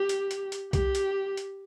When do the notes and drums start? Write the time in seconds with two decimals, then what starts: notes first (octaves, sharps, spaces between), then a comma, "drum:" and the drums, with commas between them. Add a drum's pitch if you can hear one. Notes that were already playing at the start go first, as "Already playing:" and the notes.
Already playing: G4
0.09 drum: hi-hat
0.31 drum: hi-hat
0.52 drum: hi-hat
0.73 G4, drum: kick C2, hi-hat
0.95 drum: hi-hat
1.37 drum: hi-hat